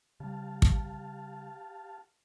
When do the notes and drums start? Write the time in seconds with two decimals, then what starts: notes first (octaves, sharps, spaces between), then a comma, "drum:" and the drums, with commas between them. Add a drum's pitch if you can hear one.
0.20 C#3 G3 G4 F5 A5
0.62 drum: kick